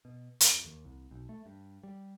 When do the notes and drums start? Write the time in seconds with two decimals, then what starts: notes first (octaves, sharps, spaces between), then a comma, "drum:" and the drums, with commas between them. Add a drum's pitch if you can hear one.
0.05 B2
0.40 F2, drum: hi-hat
0.65 D#2
0.85 C2
1.11 B1
1.29 A3
1.46 G2
1.83 G3